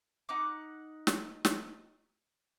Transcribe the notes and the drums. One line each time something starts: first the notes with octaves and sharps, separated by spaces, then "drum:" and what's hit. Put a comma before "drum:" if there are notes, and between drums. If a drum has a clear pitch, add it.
D#4 F#5 D6
drum: snare
drum: snare